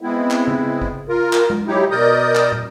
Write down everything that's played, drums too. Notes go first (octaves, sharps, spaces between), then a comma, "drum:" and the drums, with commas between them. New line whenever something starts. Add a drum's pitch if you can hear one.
G#3 B3 C4 E4
drum: clap
drum: tom C#3
drum: kick A1
F4 A#4
drum: clap
drum: tom G#3
F#3 D#4 E4 G4
B2 A#4 D5 D#5 D#6 G6
drum: clap
drum: tom